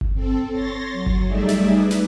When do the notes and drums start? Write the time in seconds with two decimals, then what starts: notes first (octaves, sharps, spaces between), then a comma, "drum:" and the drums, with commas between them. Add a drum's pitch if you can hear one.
0.01 drum: kick G1
0.14 C4 A4
0.51 C#5 C6 A6 A#6
0.92 F#3
1.06 drum: kick G1
1.26 G3 A3 D#4 G#4 D5 E5
1.48 drum: snare
1.70 B4
1.91 drum: snare